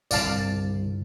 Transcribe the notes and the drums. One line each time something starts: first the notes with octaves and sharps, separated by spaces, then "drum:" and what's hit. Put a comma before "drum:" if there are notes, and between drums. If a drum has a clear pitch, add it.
D1 G1 C2 D5 F5 A5, drum: tambourine